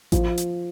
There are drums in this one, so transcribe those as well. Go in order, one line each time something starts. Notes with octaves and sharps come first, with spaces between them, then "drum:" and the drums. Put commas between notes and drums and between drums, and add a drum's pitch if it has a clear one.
F3, drum: kick A1, hi-hat
drum: hi-hat